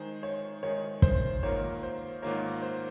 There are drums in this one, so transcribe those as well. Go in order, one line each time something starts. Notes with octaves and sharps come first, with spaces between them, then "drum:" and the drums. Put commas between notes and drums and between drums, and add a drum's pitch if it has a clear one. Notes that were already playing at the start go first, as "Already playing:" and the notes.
Already playing: D#3 G#3 D#4 G#4 C5
C#5
D#3 G#3 D#4 G#4 C#5
C5, drum: kick
G#2 D#3 A#3 F4 A#4 C#5
C5
G#2 D#3 A#3 F4 A#4 C#5
C5